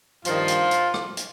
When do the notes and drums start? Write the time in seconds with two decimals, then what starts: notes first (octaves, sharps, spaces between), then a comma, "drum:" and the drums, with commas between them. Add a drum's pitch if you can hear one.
0.25 G2 D#3 F3 F4, drum: hi-hat
0.48 drum: hi-hat
0.71 drum: hi-hat
0.94 drum: rim click
1.17 drum: hi-hat